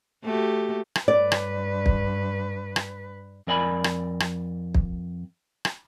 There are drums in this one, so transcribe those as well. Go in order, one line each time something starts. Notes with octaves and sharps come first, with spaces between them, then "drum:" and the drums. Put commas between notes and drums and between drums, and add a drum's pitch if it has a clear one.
A3 F#4 G4
drum: rim click
G2 B4 D5
drum: rim click
drum: kick
drum: rim click
F2 A#4 D5 G#5 B5
drum: rim click
drum: rim click
drum: kick
drum: rim click